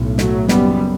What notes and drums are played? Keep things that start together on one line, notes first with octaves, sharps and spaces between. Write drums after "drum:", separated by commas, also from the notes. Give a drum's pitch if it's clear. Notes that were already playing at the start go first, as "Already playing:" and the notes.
Already playing: B1 A2
F#3 A3, drum: snare
F#1 F#2 G3 B3, drum: snare